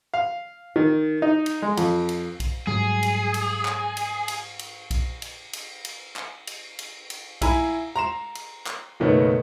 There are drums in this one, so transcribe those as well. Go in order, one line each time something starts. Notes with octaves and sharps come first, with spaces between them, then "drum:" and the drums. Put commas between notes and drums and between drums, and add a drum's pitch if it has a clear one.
F5
D#3
D#4
drum: cymbal
G#3
F2, drum: cymbal
drum: cymbal
drum: kick B1, cymbal
G#2 F#3 G3 G#4
drum: cymbal
drum: cymbal
drum: clap
drum: cymbal
drum: cymbal
drum: cymbal
drum: kick B1, cymbal
drum: cymbal
drum: cymbal
drum: cymbal
drum: clap
drum: cymbal
drum: cymbal
drum: cymbal
E4 G#5 A#5 B5, drum: kick B1, cymbal
A#5 C6 E7
drum: cymbal
drum: clap
F#1 B2 D#3 A3 B3 C#5